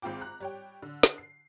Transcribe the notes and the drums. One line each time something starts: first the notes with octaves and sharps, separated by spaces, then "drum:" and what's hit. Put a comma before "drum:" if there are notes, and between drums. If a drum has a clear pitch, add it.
G#1 G#2 C4 F4 G5 D6
A#5 F#6
G3 C#5 G5
D3
drum: snare
C7